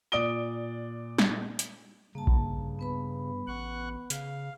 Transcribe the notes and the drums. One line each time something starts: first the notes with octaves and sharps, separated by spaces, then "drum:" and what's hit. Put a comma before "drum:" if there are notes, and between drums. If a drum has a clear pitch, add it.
A#2 D5 D#6 D7 G7
drum: snare G3
drum: hi-hat
G2 C#3 A#3 A5
drum: kick A#1
B3 B4 B5
A1 F#5 C#6 F#6
C#3 F5, drum: hi-hat